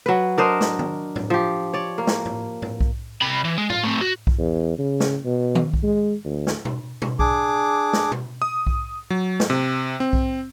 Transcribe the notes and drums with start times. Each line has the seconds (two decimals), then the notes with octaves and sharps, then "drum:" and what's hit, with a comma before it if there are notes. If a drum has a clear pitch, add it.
0.06 F#3 B4
0.38 D4 A#4 C5 D#5
0.61 drum: snare
0.79 drum: tom D#3
1.16 drum: tom
1.30 F3 G4
1.73 C#5 D5
1.98 A#3
2.07 drum: snare
2.26 drum: tom
2.62 drum: tom
2.81 drum: kick B1
3.22 C3 B5
3.45 E3
3.58 G#3
3.70 F4, drum: tom
3.84 A3 C4
4.01 F#4
4.27 drum: kick B1
4.39 E2
4.79 C#3
5.00 drum: snare
5.25 B2
5.55 drum: tom D#3
5.74 drum: kick B1
5.83 G#3
6.25 D2
6.47 drum: snare
6.65 drum: tom B2
7.02 drum: tom B2
7.19 D4 G#4 D6, drum: kick B1
7.93 drum: snare
8.12 drum: tom B2
8.42 D#6
8.67 drum: kick B1
9.10 F#3
9.40 drum: snare
9.50 C3
10.00 C4
10.13 drum: kick B1